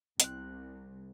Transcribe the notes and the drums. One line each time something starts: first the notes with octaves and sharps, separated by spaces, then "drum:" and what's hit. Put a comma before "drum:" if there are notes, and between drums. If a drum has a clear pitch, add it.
C2 C4 F#6, drum: hi-hat